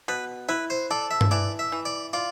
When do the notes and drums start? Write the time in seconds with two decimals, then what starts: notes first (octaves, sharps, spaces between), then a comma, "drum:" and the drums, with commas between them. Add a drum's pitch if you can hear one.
0.08 B2 B4
0.49 E4 B4
0.70 C5
0.91 A4 D5
1.11 E5
1.21 drum: tom G2
1.31 E3 D5
1.59 E5
1.72 E3
1.85 D5
2.13 F4 D5